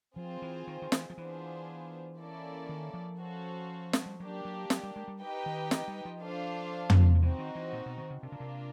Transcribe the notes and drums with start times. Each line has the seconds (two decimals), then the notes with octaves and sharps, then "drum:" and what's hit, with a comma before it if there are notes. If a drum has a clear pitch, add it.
0.16 F3 C4 F4 G#4 C5
0.42 E3
0.67 D#3
0.82 D#3
0.92 E3, drum: snare
1.10 F3
1.18 E3 B3 D4 F4 G#4 C5
2.18 A#3 C#4 E4 A4 D5
2.69 D#3
2.94 F3
3.19 C#4 F#4 A4 C5 F5
3.93 G#3, drum: snare
4.06 G3
4.20 F#3 A#3 D4 G4
4.45 F#3
4.70 F#3, drum: snare
4.83 G3
4.96 G#3
5.08 G3
5.21 D#4 G4 B4 D#5 G5
5.46 D#3
5.71 E3, drum: snare
5.88 G3
6.05 F3
6.21 D4 F4 A4 C5 F5
6.90 drum: tom
7.15 F3
7.22 E3 C4 D#4 F#4
7.39 D#3
7.55 E3
7.73 A#2
7.86 B2
7.98 D#3
8.10 C#3
8.23 C3 A#3 D4 F4
8.32 C#3
8.40 C3